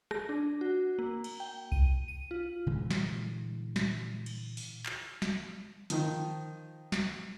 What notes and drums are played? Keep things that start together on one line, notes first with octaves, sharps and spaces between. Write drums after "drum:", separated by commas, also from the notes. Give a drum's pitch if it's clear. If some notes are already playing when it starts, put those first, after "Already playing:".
A#6, drum: rim click
D4
F#4
A#3
drum: cymbal
G5
D#7, drum: kick C2
D#7
F4
A#2 D3 E3 G#3
drum: snare
drum: snare
drum: cymbal
drum: open hi-hat
drum: clap
drum: snare
D#3 F3, drum: hi-hat
drum: snare